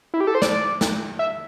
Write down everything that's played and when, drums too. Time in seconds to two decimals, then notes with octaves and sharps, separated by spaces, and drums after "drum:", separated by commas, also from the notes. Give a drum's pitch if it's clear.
0.14 E4
0.20 G4
0.27 A4
0.35 C5
0.42 D5, drum: snare
0.81 drum: snare
1.19 E5